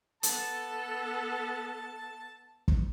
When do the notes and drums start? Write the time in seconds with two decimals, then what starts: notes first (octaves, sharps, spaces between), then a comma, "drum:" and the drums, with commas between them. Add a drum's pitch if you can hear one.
0.23 B3 A4 A5, drum: hi-hat
2.68 drum: kick